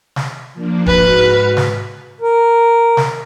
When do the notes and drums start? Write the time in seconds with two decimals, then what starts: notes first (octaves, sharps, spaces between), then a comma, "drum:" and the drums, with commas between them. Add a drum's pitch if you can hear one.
0.16 drum: snare
0.54 F3 A#3 D4
0.86 G#2 F#4 B4 F6, drum: kick D#1
1.57 drum: snare
2.21 A#4
2.97 drum: snare